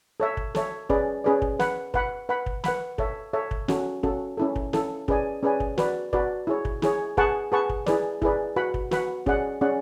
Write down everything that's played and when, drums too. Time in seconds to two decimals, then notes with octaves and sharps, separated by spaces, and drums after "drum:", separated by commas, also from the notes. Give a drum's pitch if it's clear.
0.20 A4 C#5 E5
0.37 drum: kick
0.55 A4 C#5 E5, drum: snare
0.90 C#4 G#4 B4 D5, drum: kick
1.24 C#4 G#4 B4 D5
1.42 drum: kick
1.59 B4 F#5 B5, drum: snare
1.94 B4 F#5 B5, drum: kick
2.29 B4 F#5 B5
2.46 drum: kick
2.64 B4 F#5 B5, drum: snare
2.98 A4 C#5 E5, drum: kick
3.33 A4 C#5 E5
3.51 drum: kick
3.68 C#4 F#4 A4, drum: snare
4.03 C#4 F#4 A4, drum: kick
4.38 C#4 E4 A4
4.56 drum: kick
4.73 C#4 E4 A4, drum: snare
5.08 C#4 G#4 B4 D5 G#5, drum: kick
5.43 C#4 G#4 B4 D5 G#5
5.60 drum: kick
5.78 F#4 B4 D5, drum: snare
6.13 F#4 B4 D5, drum: kick
6.47 E4 G#4 C#5
6.65 drum: kick
6.82 E4 G#4 C#5, drum: snare
7.17 G#4 B4 F#5 A5 C#6, drum: kick
7.52 G#4 B4 F#5 A5 C#6
7.69 drum: kick
7.86 E4 G#4 B4 D5, drum: snare
8.22 E4 G#4 B4 D5, drum: kick
8.56 F#4 B4 F#5 B5
8.74 drum: kick
8.91 F#4 B4 F#5 B5, drum: snare
9.26 C#4 G#4 D5 F#5, drum: kick
9.61 C#4 G#4 D5 F#5